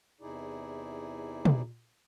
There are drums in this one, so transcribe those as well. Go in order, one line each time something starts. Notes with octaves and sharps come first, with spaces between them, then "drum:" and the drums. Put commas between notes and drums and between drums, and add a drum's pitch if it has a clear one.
E2 C3 D#4 E4 G#4 D5
drum: tom